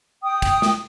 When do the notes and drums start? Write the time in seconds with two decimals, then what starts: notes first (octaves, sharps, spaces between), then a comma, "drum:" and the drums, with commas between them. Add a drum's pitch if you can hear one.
0.22 G5 D#6
0.42 drum: kick, cymbal
0.62 drum: snare